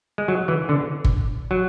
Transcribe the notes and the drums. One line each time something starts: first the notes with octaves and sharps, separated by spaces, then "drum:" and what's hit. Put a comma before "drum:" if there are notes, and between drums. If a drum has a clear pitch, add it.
G#3
F#3
E3
D3
drum: kick G1
F#3